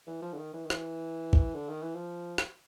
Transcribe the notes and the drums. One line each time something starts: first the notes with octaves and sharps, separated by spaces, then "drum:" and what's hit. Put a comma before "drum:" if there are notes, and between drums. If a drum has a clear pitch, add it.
E3
F3
D3
D#3
E3
D#3
E3, drum: rim click
drum: kick A1
D3
D#3
E3
F3
drum: rim click